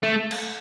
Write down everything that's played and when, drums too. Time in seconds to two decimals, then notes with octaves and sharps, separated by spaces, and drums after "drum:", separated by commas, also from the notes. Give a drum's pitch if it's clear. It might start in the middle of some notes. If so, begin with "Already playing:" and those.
0.03 A3
0.31 drum: cymbal